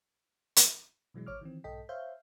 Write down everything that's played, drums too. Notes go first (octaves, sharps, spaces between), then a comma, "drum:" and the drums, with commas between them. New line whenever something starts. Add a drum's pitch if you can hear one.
drum: hi-hat
B2 E3 F#3 G#3
G#1 C#5 D6 F6
D#3 E3 C4
B1 G#2 A4 D#5 G5 B6
C5 C#5 E5 F5 G6